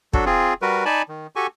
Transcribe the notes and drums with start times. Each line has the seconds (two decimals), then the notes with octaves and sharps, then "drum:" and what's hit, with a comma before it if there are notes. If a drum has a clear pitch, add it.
0.13 F#3 D4 F#4 A4, drum: kick
0.26 C4 F4 G#4
0.62 G3 F#4 A#4 B4
0.85 D#4 D5 G#5 A5 B5
1.09 D#3
1.36 F#4 G4 A4 G#5 C#6